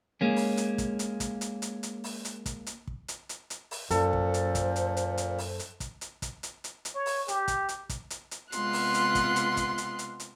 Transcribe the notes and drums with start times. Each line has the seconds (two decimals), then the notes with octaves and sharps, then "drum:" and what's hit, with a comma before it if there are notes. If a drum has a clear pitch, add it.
0.21 G#3 A#3 C#4
0.36 drum: open hi-hat
0.57 drum: hi-hat
0.78 drum: kick, hi-hat
0.99 drum: hi-hat
1.20 drum: kick, hi-hat
1.41 drum: hi-hat
1.62 drum: hi-hat
1.83 drum: hi-hat
2.04 drum: open hi-hat
2.25 drum: hi-hat
2.46 drum: kick, hi-hat
2.67 drum: hi-hat
2.87 drum: kick
3.08 drum: hi-hat
3.29 drum: hi-hat
3.50 drum: hi-hat
3.71 drum: open hi-hat
3.90 F#2 A#2 A4 C5, drum: hi-hat
4.13 drum: kick
4.34 drum: hi-hat
4.55 drum: kick, hi-hat
4.76 drum: hi-hat
4.97 drum: hi-hat
5.18 drum: hi-hat
5.38 drum: open hi-hat
5.59 drum: hi-hat
5.80 drum: kick, hi-hat
6.01 drum: hi-hat
6.22 drum: kick, hi-hat
6.43 drum: hi-hat
6.64 drum: hi-hat
6.85 drum: hi-hat
6.95 C#5
7.06 drum: open hi-hat
7.28 G4, drum: hi-hat
7.48 drum: kick, hi-hat
7.69 drum: hi-hat
7.89 drum: kick, hi-hat
8.10 drum: hi-hat
8.31 drum: hi-hat
8.52 C3 G#3 B3 F4 C6 F#6, drum: hi-hat
8.73 drum: open hi-hat
8.94 drum: hi-hat
9.15 drum: kick, hi-hat
9.36 drum: hi-hat
9.57 drum: kick, hi-hat
9.78 drum: hi-hat
9.99 drum: hi-hat
10.20 drum: hi-hat